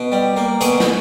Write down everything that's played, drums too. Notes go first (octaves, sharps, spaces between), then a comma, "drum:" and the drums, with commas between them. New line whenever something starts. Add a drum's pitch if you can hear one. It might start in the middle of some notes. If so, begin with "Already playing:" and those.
Already playing: B2
G3
A#3
B2 G#4, drum: hi-hat
drum: snare